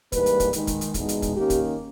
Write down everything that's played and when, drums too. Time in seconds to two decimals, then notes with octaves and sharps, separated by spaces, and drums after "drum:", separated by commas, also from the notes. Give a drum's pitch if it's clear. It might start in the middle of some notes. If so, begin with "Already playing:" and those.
0.12 G#2 E3 G3 A#3 B4, drum: kick, hi-hat
0.26 drum: hi-hat
0.40 drum: kick, hi-hat
0.53 D#3 G#3 D#4, drum: hi-hat
0.67 drum: kick, hi-hat
0.81 drum: hi-hat
0.94 E2 B2 G#3 D#4, drum: kick, hi-hat
1.09 drum: hi-hat
1.22 drum: kick, hi-hat
1.36 D#3 A#3 C#4 G4
1.50 drum: kick, hi-hat